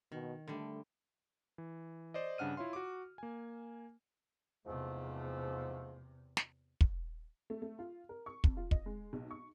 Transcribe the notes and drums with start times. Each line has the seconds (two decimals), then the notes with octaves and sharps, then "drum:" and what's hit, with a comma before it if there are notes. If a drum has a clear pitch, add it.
0.12 B2 D#3
0.48 D3 G3 A3
1.58 E3
2.14 C5 D5 D#5
2.38 G2 C#3 D4 F#5 F6 D#7
2.57 E4 F4 C#5 F5 C6
2.73 F#4 D6
3.18 A#3 G#5
4.66 E2 G#2 C3 F3 A3
6.37 drum: snare
6.81 drum: kick
7.50 A3
7.62 A3
7.79 F4
8.09 A#4
8.26 C#6
8.44 F2, drum: kick
8.57 F4
8.71 D#5, drum: kick
8.86 G#3
9.13 B1
9.31 C#6